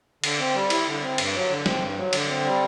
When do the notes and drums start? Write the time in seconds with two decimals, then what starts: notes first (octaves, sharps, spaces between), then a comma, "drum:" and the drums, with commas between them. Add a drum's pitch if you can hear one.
0.24 D3, drum: cymbal
0.39 C4
0.54 G3
0.70 E4, drum: cymbal
0.87 D3
1.03 C4
1.18 G2, drum: cymbal
1.34 F#3
1.50 D3
1.66 C4, drum: snare
1.82 G2
1.97 F#3
2.13 D3, drum: cymbal
2.29 C4
2.45 G3